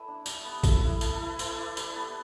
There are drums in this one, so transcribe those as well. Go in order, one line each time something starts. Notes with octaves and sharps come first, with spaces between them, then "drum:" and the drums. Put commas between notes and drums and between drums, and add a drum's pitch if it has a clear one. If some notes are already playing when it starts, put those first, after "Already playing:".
Already playing: E4 A4 B4 D5 E5
D4
G3, drum: tambourine
B3
E4 A4, drum: kick A1, tambourine
B4
E4
E5
E4 A4, drum: tambourine
A4
E4
B4
E4 B4, drum: tambourine
E4 D5
G3 B4, drum: tambourine
B3 A5